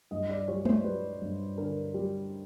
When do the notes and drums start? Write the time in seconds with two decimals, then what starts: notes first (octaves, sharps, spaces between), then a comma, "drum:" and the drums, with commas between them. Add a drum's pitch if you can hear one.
0.11 G2 D#5
0.29 D5
0.48 G3 C#5
0.65 C5, drum: tom G#3
0.84 G3 B4
1.22 G2
1.58 D3 A#4
1.94 G3